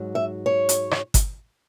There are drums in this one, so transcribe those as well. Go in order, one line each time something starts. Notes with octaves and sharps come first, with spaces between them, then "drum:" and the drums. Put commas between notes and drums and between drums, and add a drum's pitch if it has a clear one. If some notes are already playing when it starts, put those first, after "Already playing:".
Already playing: G#2 F#3
E5
C#5
drum: hi-hat
drum: rim click
drum: kick G1, hi-hat